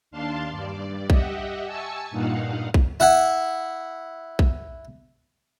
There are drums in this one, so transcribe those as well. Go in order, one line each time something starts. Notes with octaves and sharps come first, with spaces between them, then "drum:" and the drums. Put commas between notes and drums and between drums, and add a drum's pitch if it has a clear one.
D#2 D4 F5 A5 C6
G2 D5
G4 D#5 E5 F#5, drum: kick
G#5 A5 C#6 E6 C#7
G2 A#2 D#4 F5 F#5
drum: kick
E4 F#5
drum: kick